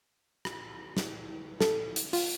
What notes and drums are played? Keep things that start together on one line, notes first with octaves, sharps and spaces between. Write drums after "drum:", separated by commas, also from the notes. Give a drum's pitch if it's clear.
drum: rim click
drum: snare
A4, drum: snare
drum: hi-hat
F4, drum: open hi-hat